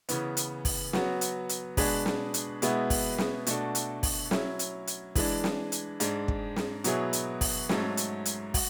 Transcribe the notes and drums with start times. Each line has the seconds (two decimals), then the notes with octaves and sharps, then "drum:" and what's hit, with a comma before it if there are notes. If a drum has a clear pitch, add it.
0.09 C#3 E3 B3, drum: hi-hat
0.37 drum: hi-hat
0.65 drum: kick, open hi-hat
0.93 F#3 B3 F#4, drum: snare
1.21 drum: hi-hat
1.49 drum: hi-hat
1.77 B2 G#3 D4 G#4 B4, drum: kick, open hi-hat
2.06 drum: snare
2.34 drum: hi-hat
2.62 B2 G#3 B3 E4, drum: hi-hat
2.90 drum: kick, open hi-hat
3.18 drum: snare
3.47 B2 A3 D4 F#4 A4, drum: hi-hat
3.75 drum: hi-hat
4.03 drum: kick, open hi-hat
4.31 F#3 C#4 E4, drum: snare
4.59 drum: hi-hat
4.87 drum: hi-hat
5.15 E3 G#3 D4, drum: kick, open hi-hat
5.44 drum: snare
5.72 drum: hi-hat
6.00 G#2 G#3 D4, drum: hi-hat
6.28 drum: kick
6.56 drum: snare
6.84 B2 F#3 B3 E4 G#4, drum: hi-hat
7.13 drum: hi-hat
7.41 drum: kick, open hi-hat
7.69 G#2 F#3 A3 C#4, drum: snare
7.97 drum: hi-hat
8.25 drum: hi-hat
8.54 F#4, drum: kick, open hi-hat